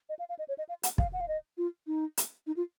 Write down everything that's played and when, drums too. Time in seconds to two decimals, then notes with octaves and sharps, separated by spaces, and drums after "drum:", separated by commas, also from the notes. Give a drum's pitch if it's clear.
0.09 D#5
0.19 F5
0.29 F5
0.39 D#5
0.49 C#5
0.58 D#5
0.69 F5
0.83 F#5, drum: hi-hat
0.98 F5, drum: kick
1.13 F#5
1.21 F5
1.28 D#5
1.58 F4
1.87 D#4
2.17 drum: hi-hat
2.47 D#4
2.57 F4